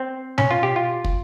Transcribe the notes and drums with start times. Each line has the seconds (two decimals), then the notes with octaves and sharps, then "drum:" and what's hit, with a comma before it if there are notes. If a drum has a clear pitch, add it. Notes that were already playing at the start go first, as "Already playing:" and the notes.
Already playing: C4
0.38 C#4, drum: tom B2
0.51 F4
0.63 G4
0.76 F4
1.04 drum: kick